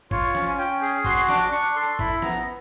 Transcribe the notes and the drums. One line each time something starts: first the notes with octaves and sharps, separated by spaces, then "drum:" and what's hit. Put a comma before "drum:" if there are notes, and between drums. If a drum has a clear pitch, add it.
F4 C#5, drum: kick G#1
C#4, drum: snare
G#5
C#4 G5
G#4
F#4 C6, drum: kick G#1
D4 D6, drum: snare
D4 C#6
A4 C6
E4 B5, drum: kick G#1
B3 A#5, drum: snare